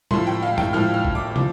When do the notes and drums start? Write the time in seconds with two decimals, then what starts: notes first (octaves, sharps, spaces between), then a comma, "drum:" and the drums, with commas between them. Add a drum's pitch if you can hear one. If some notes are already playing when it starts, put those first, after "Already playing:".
0.11 A2 F3 C6, drum: tom
0.27 G5
0.43 F5
0.58 G5, drum: tom G2
0.73 A2 F3 F6
0.94 F6
1.05 drum: kick A1
1.15 D6
1.36 F3, drum: tom